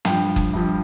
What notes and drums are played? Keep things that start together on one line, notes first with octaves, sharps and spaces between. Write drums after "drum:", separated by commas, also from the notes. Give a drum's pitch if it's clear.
G2 F3 G5, drum: snare
drum: kick F#1
G2 F3